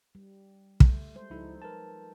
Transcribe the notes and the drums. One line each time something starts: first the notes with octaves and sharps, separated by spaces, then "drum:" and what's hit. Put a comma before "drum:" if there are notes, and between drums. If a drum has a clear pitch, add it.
G3
A3, drum: kick
G3 G#3 C5
C#2 F3 D#4 E4 A4
A#4 B4 A5